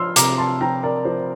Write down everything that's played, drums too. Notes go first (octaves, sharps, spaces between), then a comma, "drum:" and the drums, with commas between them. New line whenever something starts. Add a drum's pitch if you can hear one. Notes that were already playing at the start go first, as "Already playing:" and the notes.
Already playing: F3 C6 E6 F6
C3 A#5 D6, drum: hi-hat
A5 C6
F3 G5 A#5
A#4 D5
F3 C5